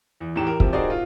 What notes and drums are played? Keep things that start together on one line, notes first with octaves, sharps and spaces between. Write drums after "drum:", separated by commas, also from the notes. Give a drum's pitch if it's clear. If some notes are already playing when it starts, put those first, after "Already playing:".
E2
E2 A2 G4 A#5 E7
A#4
C3 F3, drum: kick
D#4 F#4 G#4 A#4 C5 D5
F4